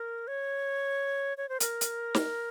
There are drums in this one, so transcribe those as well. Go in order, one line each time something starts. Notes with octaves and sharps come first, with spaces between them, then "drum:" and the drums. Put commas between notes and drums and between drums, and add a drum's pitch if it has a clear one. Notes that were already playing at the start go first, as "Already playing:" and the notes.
Already playing: A#4
C#5
C#5
C5
A#4, drum: hi-hat
drum: hi-hat
drum: snare